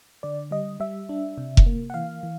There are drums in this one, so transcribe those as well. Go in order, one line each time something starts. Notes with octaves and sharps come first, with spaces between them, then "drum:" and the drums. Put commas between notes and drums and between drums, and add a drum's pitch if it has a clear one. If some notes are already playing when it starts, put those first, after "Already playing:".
D3 D5
G3 D#5
G3 E5
D4
C3
drum: kick F1
A#3
F#5
E3 F5
E3